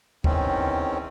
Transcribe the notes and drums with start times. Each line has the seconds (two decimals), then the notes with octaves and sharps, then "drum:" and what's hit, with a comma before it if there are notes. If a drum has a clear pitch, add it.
0.24 E2 D#3 C4 C#4, drum: kick